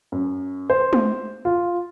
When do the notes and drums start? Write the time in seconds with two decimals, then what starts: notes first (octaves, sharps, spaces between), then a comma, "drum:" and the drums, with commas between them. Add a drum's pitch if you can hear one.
0.12 F#2
0.70 C5
0.93 drum: tom G#3
1.45 F4